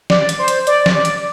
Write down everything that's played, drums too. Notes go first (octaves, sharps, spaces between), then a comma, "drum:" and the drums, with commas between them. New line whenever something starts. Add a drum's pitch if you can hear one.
D5, drum: snare
drum: hi-hat
C5
drum: hi-hat
D5, drum: hi-hat
drum: snare
D5
drum: hi-hat